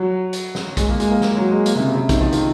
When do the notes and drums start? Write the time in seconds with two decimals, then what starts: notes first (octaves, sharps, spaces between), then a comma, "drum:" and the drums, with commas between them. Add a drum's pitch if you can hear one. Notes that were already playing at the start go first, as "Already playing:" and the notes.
Already playing: F#3
0.33 drum: hi-hat
0.55 drum: snare
0.77 G#3, drum: kick, hi-hat
0.89 A#3
1.00 G#3, drum: hi-hat
1.11 A#3
1.21 drum: snare
1.37 F#3
1.51 G#3
1.66 A#3, drum: hi-hat
1.76 C3
1.80 C#3
1.95 C3
2.09 D#3, drum: kick, hi-hat
2.20 F3
2.32 D#3, drum: hi-hat